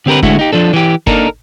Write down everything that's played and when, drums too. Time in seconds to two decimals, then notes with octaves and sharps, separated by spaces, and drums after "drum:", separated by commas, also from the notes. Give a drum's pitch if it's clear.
0.06 D3 C4 G4 A#4 B4
0.23 D3 G#3 A3 E4 F#4, drum: kick
0.39 D#4 G4
0.53 F3 D4 A4
0.73 E3 G4
1.07 A#3 D4 D#4 A4 A#4, drum: kick